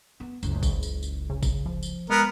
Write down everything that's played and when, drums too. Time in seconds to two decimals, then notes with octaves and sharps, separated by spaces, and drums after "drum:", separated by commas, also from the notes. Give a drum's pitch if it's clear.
0.20 B3
0.43 F#1 C#2, drum: tambourine
0.63 drum: kick G1, tambourine
0.83 drum: tambourine
1.03 drum: tambourine
1.30 C#3
1.43 drum: kick G1, tambourine
1.66 F3
1.83 drum: tambourine
2.10 G#3 B3 A#4